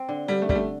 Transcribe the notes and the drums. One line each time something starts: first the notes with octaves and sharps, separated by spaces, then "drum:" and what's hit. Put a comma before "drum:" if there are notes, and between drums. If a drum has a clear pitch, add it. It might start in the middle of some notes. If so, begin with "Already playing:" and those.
Already playing: C4
D3
D3 G3
A3
D3 G3, drum: kick
A3